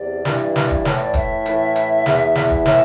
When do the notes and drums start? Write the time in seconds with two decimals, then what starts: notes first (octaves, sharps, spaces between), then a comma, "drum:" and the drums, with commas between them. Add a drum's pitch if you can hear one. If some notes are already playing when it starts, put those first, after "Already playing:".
Already playing: E2 C3 D5
0.25 G2 E3, drum: snare
0.56 drum: snare
0.71 drum: kick
0.85 A2 E3 E5, drum: snare
0.99 D5
1.14 E5, drum: kick, hi-hat
1.46 A2 E3, drum: hi-hat
1.76 drum: hi-hat
2.06 E2 E3, drum: snare
2.35 drum: snare
2.50 drum: kick
2.66 A2 E3 E5, drum: snare